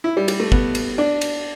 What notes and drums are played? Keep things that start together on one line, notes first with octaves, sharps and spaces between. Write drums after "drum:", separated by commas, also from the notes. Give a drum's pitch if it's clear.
E4
G3
G3, drum: cymbal
A3
B3, drum: kick
drum: cymbal
D4
drum: cymbal